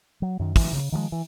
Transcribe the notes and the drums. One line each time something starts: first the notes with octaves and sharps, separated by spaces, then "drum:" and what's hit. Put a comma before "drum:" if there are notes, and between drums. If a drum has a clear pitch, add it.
F#3
F#2 D#3
E3, drum: kick, open hi-hat
C#3
D#3 F3 F#3 G#3
E3